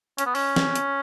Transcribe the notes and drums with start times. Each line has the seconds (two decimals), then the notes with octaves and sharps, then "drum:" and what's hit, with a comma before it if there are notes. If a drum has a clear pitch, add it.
0.18 C#4, drum: hi-hat
0.26 B3
0.35 C#4, drum: open hi-hat
0.56 drum: snare
0.76 drum: hi-hat